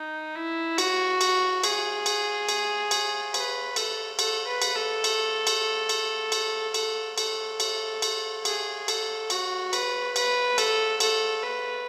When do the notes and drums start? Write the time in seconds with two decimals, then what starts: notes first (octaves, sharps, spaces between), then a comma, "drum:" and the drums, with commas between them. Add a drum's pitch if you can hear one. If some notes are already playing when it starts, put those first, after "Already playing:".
Already playing: D#4
0.35 E4
0.78 F#4, drum: cymbal
1.21 drum: cymbal
1.64 G#4, drum: cymbal
2.06 drum: cymbal
2.49 drum: cymbal
2.91 drum: cymbal
3.34 B4, drum: cymbal
3.76 A4, drum: cymbal
4.19 A4, drum: cymbal
4.47 B4
4.62 drum: cymbal
4.76 A4
5.04 drum: cymbal
5.47 drum: cymbal
5.89 drum: cymbal
6.32 drum: cymbal
6.74 A4, drum: cymbal
7.18 A4, drum: cymbal
7.60 drum: cymbal
8.02 drum: cymbal
8.45 G#4, drum: cymbal
8.88 A4, drum: cymbal
9.30 F#4, drum: cymbal
9.73 B4, drum: cymbal
10.16 B4, drum: cymbal
10.58 A4, drum: cymbal
11.00 A4, drum: cymbal
11.43 B4